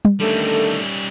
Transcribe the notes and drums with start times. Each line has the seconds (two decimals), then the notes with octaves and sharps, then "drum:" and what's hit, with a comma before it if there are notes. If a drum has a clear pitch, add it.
0.05 drum: tom
0.20 D3 D#3 G3 A3 C#4